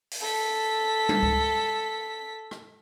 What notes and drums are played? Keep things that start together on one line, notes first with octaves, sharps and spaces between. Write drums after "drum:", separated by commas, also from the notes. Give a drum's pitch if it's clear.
drum: open hi-hat
A4 B6
drum: tom G3
drum: kick C#2
drum: rim click